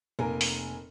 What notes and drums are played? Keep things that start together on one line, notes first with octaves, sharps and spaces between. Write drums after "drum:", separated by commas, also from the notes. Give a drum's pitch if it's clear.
F1 A#3 A#4 G#5
drum: open hi-hat